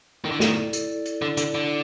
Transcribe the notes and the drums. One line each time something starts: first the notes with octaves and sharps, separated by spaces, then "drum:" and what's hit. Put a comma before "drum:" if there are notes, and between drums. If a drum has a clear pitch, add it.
D#3 E4 A4 D5
D3
D#3, drum: snare
E4 A4 D5, drum: hi-hat
drum: hi-hat
D3 E4 A4 D5
D3, drum: hi-hat
D3